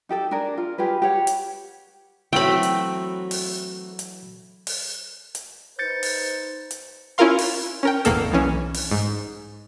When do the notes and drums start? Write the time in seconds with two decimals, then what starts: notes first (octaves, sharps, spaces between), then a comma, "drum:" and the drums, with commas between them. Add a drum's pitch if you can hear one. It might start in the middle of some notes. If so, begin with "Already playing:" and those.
0.09 D#4 G4 A4 G5
0.31 D4 G#4 A#4 D5
0.57 F4
0.78 F4 G4 G#4 B4
1.02 G4 C#5 F#5
1.27 drum: hi-hat
2.33 E3 F#3 A3 C4 G5 B5
2.63 drum: hi-hat
3.31 drum: open hi-hat
3.99 drum: hi-hat
4.67 drum: open hi-hat
5.35 drum: hi-hat
5.79 D#4 B4 C5 G6 A6 C#7
6.03 drum: open hi-hat
6.71 drum: hi-hat
7.18 C#4 E4 F4 A#4 F5 C6
7.39 drum: open hi-hat
7.83 C#4 A#4 G5
8.05 G#1 E2 B2 A#3 A4 E6, drum: hi-hat
8.32 B1 E3 C#4
8.74 drum: open hi-hat
8.91 G#2